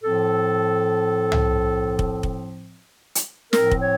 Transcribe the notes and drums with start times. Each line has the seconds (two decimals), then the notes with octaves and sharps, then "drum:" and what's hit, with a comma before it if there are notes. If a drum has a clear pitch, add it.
0.04 A2 F3 C4 A4
1.32 drum: tom C2
1.99 drum: kick F1
2.23 drum: kick F1
3.15 drum: hi-hat
3.53 A2 F3 C4 A#4, drum: snare
3.71 drum: kick F1
3.82 C#5